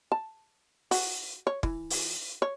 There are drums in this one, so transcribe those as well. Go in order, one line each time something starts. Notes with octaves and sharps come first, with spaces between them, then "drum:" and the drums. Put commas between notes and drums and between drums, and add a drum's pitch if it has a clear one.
A5
F#4, drum: open hi-hat
C#5
E3, drum: kick
drum: open hi-hat
C#5